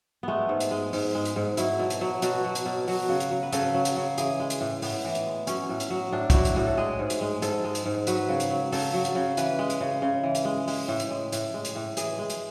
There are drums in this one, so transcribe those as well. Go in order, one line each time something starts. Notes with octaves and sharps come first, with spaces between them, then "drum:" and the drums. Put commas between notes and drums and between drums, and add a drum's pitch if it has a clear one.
G#3 A3 B3
G#2
drum: hi-hat
G#3
G#2, drum: open hi-hat
G#3
drum: hi-hat
G#2
F#3 E4, drum: hi-hat
B2
drum: hi-hat
F#3
B2 F#4, drum: hi-hat
F#3
drum: hi-hat
B2
F#3 F#4, drum: open hi-hat
C#3
drum: hi-hat
F#3
B4
C#3 A4, drum: hi-hat
F#3
drum: hi-hat
C#3
E3 G#4, drum: hi-hat
G#3
drum: hi-hat
A2
A2 B3, drum: open hi-hat
E3
drum: hi-hat
G#3
F#3 C#4, drum: hi-hat
A2
drum: hi-hat
F#3
A2 D4
F#3 E4 F#4, drum: kick, hi-hat
drum: hi-hat
A2 F#4
A4
G#3 G#4
G#2
drum: hi-hat
G#3
G#2 A4, drum: hi-hat
G#3
drum: hi-hat
G#2
F#3 B4, drum: hi-hat
C#3
drum: hi-hat
F#3
C#3 A4, drum: open hi-hat
F#3
drum: hi-hat
C#3
E3 B4, drum: hi-hat
G#3
drum: hi-hat
C#3
C#3
E3
drum: hi-hat
G#3
G#3, drum: open hi-hat
A2
drum: hi-hat
G#3
A2, drum: hi-hat
G#3
drum: hi-hat
A2
E3 G#4, drum: hi-hat
G#3
drum: hi-hat